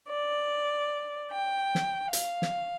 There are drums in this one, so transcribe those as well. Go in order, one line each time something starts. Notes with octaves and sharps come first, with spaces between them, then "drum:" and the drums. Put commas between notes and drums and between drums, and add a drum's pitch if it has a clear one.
D5
G5
drum: snare
F5, drum: hi-hat
drum: snare